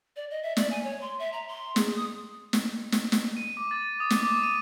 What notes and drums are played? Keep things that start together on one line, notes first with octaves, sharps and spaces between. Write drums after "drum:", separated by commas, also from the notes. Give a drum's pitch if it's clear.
D5
D#5
E5
D5, drum: snare
G#5
C#5
C6
E5
A#5
C6
G#4, drum: snare
D#6
drum: snare
drum: snare
drum: snare
D#7
D6
A6
D#6
drum: snare
D6
D#7